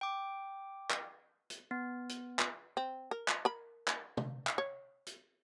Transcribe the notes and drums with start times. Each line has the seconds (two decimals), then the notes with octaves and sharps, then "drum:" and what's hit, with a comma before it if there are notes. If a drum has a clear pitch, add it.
0.01 G5 D6
0.90 drum: clap
1.50 drum: hi-hat
1.71 B3
2.09 drum: hi-hat
2.39 drum: clap
2.77 C4
3.11 A#4
3.28 drum: clap
3.45 A#4 B5
3.88 drum: clap
4.17 drum: tom
4.47 drum: clap
4.58 C#5
5.06 drum: hi-hat